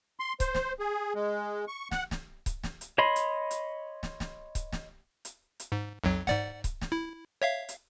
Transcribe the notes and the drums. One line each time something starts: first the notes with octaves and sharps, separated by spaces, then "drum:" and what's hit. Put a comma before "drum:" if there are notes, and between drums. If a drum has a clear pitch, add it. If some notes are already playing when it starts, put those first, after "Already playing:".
C6
C5, drum: kick C#1, hi-hat
drum: snare
G#4
G#3
C#6
F#5, drum: snare
drum: snare
drum: kick C#1, hi-hat
drum: snare
drum: hi-hat
C#5 D#5 B5 C6
drum: hi-hat
drum: hi-hat
drum: snare
drum: snare
drum: kick C#1, hi-hat
drum: snare
drum: hi-hat
drum: hi-hat
G#2
B1 F2 F#3
G#2 D5 F#5, drum: snare
drum: kick C#1, hi-hat
drum: snare
E4
C#5 E5 F5
drum: hi-hat